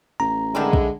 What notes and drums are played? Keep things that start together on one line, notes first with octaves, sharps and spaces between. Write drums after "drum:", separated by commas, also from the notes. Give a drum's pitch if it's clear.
A1 A#5
D3 D#3 G#3 D4 E4
drum: kick